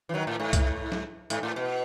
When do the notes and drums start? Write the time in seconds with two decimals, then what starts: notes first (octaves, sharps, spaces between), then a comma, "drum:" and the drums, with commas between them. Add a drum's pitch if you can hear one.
0.09 E3
0.14 D#3 F#3
0.27 A2
0.40 G#2
0.53 drum: kick C2, hi-hat
0.92 drum: snare
1.30 G#2, drum: hi-hat
1.43 A2
1.56 B2